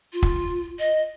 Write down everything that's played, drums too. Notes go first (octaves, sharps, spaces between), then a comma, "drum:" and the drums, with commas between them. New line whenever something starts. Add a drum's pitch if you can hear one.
F4
drum: kick
D#5